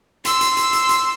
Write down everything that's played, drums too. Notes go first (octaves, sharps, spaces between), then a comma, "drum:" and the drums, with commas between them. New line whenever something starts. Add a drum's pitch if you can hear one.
C6 E6, drum: hi-hat
drum: hi-hat
drum: hi-hat
drum: hi-hat
drum: hi-hat